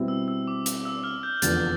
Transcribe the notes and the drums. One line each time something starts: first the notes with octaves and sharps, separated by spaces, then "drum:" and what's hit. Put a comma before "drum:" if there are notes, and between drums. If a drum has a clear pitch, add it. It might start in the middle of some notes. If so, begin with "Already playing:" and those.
Already playing: B2 G3 C4 E4
E6
E6
D6
drum: hi-hat
E6
F6
G6
G6
F1 E2 D3 F3 A6, drum: hi-hat